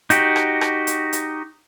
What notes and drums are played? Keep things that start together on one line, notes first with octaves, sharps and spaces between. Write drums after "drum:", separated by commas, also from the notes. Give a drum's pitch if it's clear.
D#4 F#4 G4, drum: hi-hat
drum: rim click
drum: rim click
drum: hi-hat
drum: hi-hat